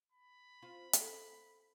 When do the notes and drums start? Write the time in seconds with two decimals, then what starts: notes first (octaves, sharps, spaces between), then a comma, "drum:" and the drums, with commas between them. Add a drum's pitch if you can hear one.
0.12 B5
0.62 C4 F4
0.93 A4, drum: hi-hat